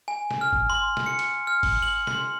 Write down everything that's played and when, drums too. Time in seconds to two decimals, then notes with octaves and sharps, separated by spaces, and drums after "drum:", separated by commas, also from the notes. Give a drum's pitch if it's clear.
0.08 G#5
0.31 drum: snare
0.41 F6
0.53 drum: kick G#1
0.70 C6
0.97 drum: snare
1.06 C#7
1.19 drum: hi-hat
1.47 F6
1.63 drum: kick G#1, open hi-hat
1.82 F#7
2.07 C6, drum: snare